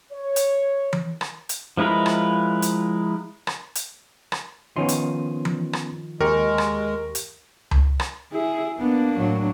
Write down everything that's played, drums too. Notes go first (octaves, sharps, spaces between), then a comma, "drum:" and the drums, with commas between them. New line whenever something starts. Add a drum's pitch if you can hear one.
C#5
drum: hi-hat
drum: tom E3
drum: rim click
drum: hi-hat
F3 G#3 E4 A#4 B4
drum: rim click
drum: hi-hat
drum: rim click
drum: hi-hat
drum: rim click
D#3 F3 B3 C#4 D#4 C6
drum: hi-hat
drum: tom E3
drum: rim click
D#2 G#3 G4 A#4 C#6
drum: rim click
drum: hi-hat
drum: tom C#2
drum: rim click
E4 G#4
A#3 B3 D4
A2 F#3